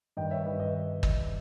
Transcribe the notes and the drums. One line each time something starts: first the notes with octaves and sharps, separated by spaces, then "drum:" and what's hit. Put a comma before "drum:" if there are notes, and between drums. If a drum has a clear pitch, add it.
G2 D#3 D#5 G5
C#5 E5
G2 D#3 B4 D#5
B4 D#5
drum: kick